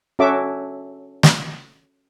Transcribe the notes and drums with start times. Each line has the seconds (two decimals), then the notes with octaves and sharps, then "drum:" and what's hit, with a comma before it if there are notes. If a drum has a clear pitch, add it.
0.19 C#4 F#4 A4 E5 D6
1.23 drum: snare